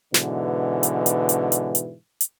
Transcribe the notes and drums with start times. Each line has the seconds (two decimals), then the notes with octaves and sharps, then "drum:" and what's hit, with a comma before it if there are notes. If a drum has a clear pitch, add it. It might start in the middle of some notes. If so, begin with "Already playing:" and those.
0.14 G#2 B2 D3 E3, drum: snare
0.83 drum: hi-hat
1.06 drum: hi-hat
1.29 drum: hi-hat
1.52 drum: hi-hat
1.75 drum: hi-hat
2.21 drum: hi-hat